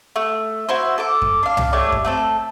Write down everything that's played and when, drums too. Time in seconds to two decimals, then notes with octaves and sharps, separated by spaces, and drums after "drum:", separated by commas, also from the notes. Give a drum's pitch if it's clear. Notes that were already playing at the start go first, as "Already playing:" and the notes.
0.16 A3
0.69 E4 F#4 C5
0.98 A4 D6
1.22 drum: kick F#2
1.43 D4 F5
1.57 drum: tom C2
1.73 A3 D4 G4 C#5
1.92 drum: kick F#2
2.05 A3 C4 A4